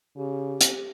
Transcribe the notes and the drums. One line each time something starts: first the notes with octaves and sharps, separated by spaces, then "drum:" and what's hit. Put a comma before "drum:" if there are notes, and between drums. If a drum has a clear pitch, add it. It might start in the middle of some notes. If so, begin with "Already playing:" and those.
C#3 G4
drum: hi-hat